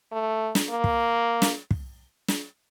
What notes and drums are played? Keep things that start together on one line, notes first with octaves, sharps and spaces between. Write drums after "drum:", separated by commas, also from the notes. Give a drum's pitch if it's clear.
A3
drum: snare
A#3
drum: kick
drum: snare
drum: kick
drum: snare